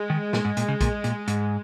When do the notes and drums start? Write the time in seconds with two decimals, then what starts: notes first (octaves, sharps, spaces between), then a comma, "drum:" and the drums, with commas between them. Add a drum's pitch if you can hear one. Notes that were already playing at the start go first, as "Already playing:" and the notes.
Already playing: G#3
0.10 D#3
0.33 A#2, drum: snare
0.45 G#2
0.57 A#2, drum: hi-hat
0.68 C#3
0.81 A#2, drum: kick A#1, hi-hat
1.04 A#2, drum: hi-hat
1.28 G#2, drum: hi-hat